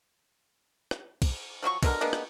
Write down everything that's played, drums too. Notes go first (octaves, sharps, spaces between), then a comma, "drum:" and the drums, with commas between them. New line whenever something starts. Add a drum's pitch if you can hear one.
drum: rim click
drum: kick, cymbal
F3 F#3 D#4 C#6
B2 D3 A#4, drum: kick, cymbal
G#3 A#3 B3 D4
drum: rim click